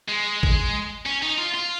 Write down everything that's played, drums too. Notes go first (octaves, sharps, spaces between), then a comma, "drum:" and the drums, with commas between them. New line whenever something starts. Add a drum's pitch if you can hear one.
G#3
drum: kick A1
C#4
D#4
F4
F4